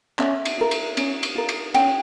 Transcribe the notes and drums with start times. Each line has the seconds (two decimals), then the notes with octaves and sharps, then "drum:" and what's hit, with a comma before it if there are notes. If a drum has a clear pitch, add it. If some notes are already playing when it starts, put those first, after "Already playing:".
0.19 C#4 E5, drum: clap
0.45 drum: cymbal
0.58 F4 A#4
0.71 drum: cymbal
0.97 C#4, drum: cymbal
1.23 drum: cymbal
1.35 F4 A#4
1.49 drum: cymbal
1.74 C#4 G5, drum: cymbal